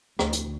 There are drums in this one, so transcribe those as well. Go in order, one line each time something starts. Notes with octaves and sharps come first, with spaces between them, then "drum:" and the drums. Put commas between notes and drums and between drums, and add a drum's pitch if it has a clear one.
D2, drum: rim click
drum: hi-hat